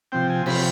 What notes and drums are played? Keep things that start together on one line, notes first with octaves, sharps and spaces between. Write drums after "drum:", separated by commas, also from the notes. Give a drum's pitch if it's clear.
C3 F3 C4 G5
G#5
C3 F3 C4 B5, drum: cymbal